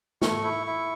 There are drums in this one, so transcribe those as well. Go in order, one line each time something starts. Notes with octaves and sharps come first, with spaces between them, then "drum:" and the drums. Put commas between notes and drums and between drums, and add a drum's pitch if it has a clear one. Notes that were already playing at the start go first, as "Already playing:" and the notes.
A3 C#6, drum: snare
E4
E4